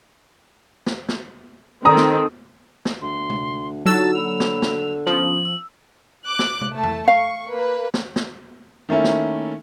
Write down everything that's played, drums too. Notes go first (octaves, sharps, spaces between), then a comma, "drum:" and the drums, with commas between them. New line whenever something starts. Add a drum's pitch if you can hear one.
drum: snare
drum: snare
D#3 C4 A4 A#5 D#6
drum: snare
drum: snare
D2 C6
drum: tom
D3 F#3 D#4 F4 F#4 A5 E6
A#3 C#5 B5 F7
drum: snare
drum: snare
F3 B3 C#4 D#6 F#7
E6
D6 F#6
drum: snare
drum: tom
A3 A5
drum: tom F2
F5 C#6
A#3 B4
drum: snare
drum: snare
D#3 A3 A#3 C#4 E4
drum: snare